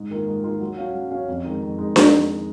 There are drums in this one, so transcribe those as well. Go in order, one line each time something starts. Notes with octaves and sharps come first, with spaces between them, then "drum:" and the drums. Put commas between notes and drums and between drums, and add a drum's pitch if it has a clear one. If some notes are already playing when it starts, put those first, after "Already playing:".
Already playing: G#2
D#3 A#3 F4
G#2
D#3 A#3 F4
F#3
C#4 F#4 C#5 F5
F#3
C#4 F#4 C#5 F5
F2
D#3 G#3 D#4
F2
D#3 G#3 D#4
drum: snare D4